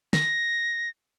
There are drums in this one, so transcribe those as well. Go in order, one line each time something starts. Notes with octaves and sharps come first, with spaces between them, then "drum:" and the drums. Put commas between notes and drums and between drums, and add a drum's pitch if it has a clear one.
A#6, drum: snare